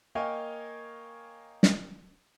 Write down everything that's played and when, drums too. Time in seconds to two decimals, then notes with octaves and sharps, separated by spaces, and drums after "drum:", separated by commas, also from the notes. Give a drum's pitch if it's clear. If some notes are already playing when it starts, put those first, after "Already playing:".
0.15 A#3 C#5 D#5 F5 G5 G#5
1.63 drum: snare